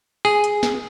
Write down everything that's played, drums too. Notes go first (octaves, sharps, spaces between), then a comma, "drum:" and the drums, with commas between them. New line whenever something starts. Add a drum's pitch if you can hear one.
G#4, drum: open hi-hat
drum: hi-hat
drum: snare